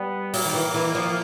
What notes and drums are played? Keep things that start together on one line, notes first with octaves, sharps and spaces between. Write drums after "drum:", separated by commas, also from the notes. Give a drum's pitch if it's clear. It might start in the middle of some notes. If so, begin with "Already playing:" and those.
Already playing: G3 B3
F#3 A#3, drum: open hi-hat
D#3
E3
E3
F3